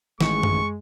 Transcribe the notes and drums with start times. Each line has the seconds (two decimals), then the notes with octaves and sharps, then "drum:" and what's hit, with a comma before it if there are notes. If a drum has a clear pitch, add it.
0.21 A1 D#3 E3 G#3 C#6, drum: snare
0.43 drum: tom F#2